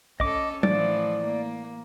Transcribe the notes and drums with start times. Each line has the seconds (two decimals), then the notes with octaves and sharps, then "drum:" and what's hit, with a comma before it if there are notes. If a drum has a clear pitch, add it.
0.20 C#4 A4 D#5 D6, drum: kick
0.63 A2 E3 F3 D5, drum: tom F#3
1.24 A#3